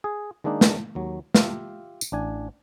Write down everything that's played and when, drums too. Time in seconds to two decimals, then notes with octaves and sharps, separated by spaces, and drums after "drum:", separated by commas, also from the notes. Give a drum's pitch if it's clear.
0.04 G#4
0.44 D#3 G#3 A#3 D4 D#4
0.61 drum: snare
0.95 D#2 F#3
1.35 F4 G4 E5 F5, drum: snare
2.01 drum: tambourine
2.12 A1 D4 G#5